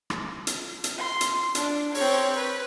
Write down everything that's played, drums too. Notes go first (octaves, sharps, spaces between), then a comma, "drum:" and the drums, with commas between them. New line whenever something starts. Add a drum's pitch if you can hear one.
drum: rim click
drum: hi-hat
drum: hi-hat
C6
drum: hi-hat
D4, drum: hi-hat
C4 C#5, drum: open hi-hat
B4